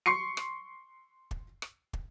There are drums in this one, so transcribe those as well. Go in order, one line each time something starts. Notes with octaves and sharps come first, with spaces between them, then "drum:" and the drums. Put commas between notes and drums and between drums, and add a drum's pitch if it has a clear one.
C6 C#6 C7 C#7
drum: rim click
drum: kick
drum: rim click
drum: kick